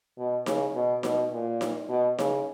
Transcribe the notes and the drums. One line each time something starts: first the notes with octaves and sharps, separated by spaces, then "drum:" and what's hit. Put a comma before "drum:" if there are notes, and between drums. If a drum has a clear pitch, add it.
B2
C#3, drum: snare D#4
B2
B2, drum: snare D#4
A#2
drum: snare D#4
B2
C#3, drum: snare D#4